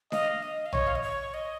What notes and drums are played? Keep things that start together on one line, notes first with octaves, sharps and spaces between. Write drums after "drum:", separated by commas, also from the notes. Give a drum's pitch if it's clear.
D#5 F5, drum: snare D4
D#5
F5
C#5 D#5, drum: tom A#1
F5
D#5
C#5
D#5